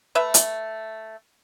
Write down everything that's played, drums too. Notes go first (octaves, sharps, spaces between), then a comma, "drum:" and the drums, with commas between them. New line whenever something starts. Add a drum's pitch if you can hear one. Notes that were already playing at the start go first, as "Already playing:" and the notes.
A3 B4 E5
drum: hi-hat